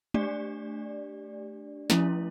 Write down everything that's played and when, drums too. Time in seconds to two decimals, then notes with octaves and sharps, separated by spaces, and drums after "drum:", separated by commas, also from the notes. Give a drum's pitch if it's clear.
0.14 A3 D4 G4 D5, drum: tom G#3
1.90 F3 A3 C#4 E4, drum: snare